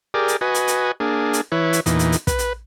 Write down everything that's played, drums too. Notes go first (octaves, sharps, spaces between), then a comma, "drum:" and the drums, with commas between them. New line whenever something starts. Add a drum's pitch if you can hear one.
G4 G#4 A#4 D5
drum: hi-hat
F#4 B4 D#5 G#5
drum: hi-hat
drum: hi-hat
A#3 D4 G#4
drum: hi-hat
E3 E4 B4 C#5
drum: hi-hat
E2 A#2 E3 D#4, drum: hi-hat
drum: hi-hat
drum: hi-hat
B4, drum: kick, hi-hat
drum: hi-hat